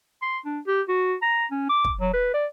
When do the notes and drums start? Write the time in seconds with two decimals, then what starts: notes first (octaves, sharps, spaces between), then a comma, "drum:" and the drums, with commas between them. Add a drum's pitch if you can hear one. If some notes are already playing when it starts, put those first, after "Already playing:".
0.22 C6
0.45 D4
0.67 G4
0.89 F#4
1.22 A#5
1.51 C#4
1.69 D6
1.84 drum: kick
2.01 F#3
2.13 B4
2.34 D5